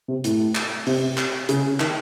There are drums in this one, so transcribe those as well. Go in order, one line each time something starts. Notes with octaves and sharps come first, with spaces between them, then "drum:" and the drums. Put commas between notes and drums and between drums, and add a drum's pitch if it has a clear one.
C3
A2, drum: hi-hat
drum: clap
C3, drum: open hi-hat
drum: clap
C#3, drum: hi-hat
D#3, drum: clap